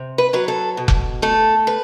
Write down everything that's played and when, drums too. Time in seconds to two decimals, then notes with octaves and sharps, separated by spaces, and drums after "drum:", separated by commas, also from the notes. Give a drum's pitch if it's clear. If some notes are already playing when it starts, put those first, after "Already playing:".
Already playing: C3
0.18 B4
0.33 F#3 B4
0.48 A4
0.77 B2
0.88 drum: kick F1
1.22 A3 A4
1.67 B4